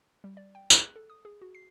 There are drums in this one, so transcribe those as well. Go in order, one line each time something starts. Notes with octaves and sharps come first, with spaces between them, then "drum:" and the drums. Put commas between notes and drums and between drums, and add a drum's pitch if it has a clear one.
G3
D5
G5
G#4, drum: tambourine
F#6
A4
D#6
G#4
F#4
C7